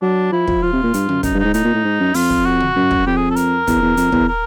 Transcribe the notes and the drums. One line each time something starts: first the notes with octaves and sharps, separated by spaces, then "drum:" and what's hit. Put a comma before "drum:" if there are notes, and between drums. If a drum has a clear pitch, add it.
F#3 D4
F3 E4
F3, drum: kick
F3 F4
C3
A#2
G2, drum: hi-hat
F#2, drum: tom
F#2 D#4, drum: kick, hi-hat
G2
G#2 D#4
A2 D#4, drum: hi-hat
A#2
A2
G#2
F#2
F2 F4, drum: open hi-hat
drum: kick
F#4
drum: tom
F#2
drum: kick
F2 G4
G#4
A4
A#4, drum: hi-hat
E2, drum: kick, hi-hat
E2
F2, drum: hi-hat
E2, drum: kick
A#4